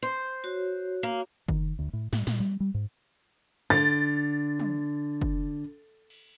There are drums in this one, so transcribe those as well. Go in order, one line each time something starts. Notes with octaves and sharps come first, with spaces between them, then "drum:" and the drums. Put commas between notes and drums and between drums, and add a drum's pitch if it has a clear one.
C5
F#4 C#5
A#3
D#3, drum: kick
D2
A2
A2, drum: snare
A#2, drum: snare
G3
G3
G#2
D3 A6
drum: tom
drum: kick
drum: cymbal